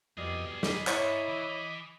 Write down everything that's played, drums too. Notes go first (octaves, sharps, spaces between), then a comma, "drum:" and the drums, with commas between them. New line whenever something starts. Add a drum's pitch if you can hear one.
F2 B2 G3 G#4 A#4 D5 D#5
D#5 B5 D6, drum: snare
E4 C#5, drum: clap
E3